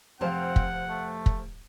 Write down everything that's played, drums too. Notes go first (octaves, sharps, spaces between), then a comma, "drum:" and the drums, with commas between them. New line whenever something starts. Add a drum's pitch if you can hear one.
F1 F3 C4 C5 F5 F#5 A5
drum: kick
A3
drum: kick